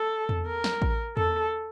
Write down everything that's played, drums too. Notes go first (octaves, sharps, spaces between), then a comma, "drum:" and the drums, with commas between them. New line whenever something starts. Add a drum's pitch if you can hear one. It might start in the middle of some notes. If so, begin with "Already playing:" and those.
Already playing: A4
drum: tom E2
A#4
drum: snare
drum: kick A1
A4, drum: tom E2